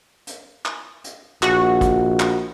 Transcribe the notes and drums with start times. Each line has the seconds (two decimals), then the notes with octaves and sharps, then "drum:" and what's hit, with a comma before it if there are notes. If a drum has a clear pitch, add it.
0.27 drum: hi-hat
0.65 drum: clap
1.04 drum: hi-hat
1.43 A#1 F#4, drum: clap
1.81 drum: kick, hi-hat
2.20 drum: clap